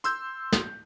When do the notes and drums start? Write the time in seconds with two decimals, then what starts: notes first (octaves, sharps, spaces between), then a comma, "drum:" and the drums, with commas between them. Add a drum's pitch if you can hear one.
0.04 C6 E6 G6, drum: hi-hat
0.52 drum: snare